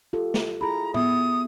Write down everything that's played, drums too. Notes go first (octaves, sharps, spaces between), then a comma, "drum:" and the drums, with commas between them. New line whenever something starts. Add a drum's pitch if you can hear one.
F4 G4 A4
drum: snare
E4 G#4 A#5 B5
B3 E5 D#6, drum: tom A2